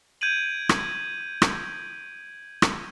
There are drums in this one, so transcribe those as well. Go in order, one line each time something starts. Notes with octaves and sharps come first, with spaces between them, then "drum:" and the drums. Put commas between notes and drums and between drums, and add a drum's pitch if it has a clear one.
G6 G#6 D7 D#7 F#7
drum: rim click
drum: rim click
drum: rim click